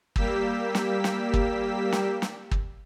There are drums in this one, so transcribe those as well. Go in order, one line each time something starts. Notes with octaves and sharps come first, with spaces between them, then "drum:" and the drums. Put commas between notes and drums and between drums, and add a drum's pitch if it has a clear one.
G3 A#3 G4 E6 B6, drum: kick
drum: snare
drum: snare
drum: kick
drum: snare
drum: snare
drum: kick